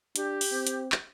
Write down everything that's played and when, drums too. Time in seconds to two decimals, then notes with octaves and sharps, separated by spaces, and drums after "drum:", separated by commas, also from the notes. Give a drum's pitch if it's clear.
0.16 D4 G4, drum: hi-hat
0.41 drum: open hi-hat
0.51 C4
0.67 drum: hi-hat
0.92 drum: clap